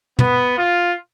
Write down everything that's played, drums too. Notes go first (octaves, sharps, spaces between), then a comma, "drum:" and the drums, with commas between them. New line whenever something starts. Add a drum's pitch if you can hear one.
B3, drum: tom
F4